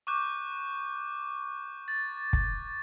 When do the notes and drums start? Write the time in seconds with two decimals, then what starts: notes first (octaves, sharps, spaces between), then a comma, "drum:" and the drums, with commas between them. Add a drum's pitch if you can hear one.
0.07 C#6 D6 F#6 G6
1.88 A6
2.33 drum: kick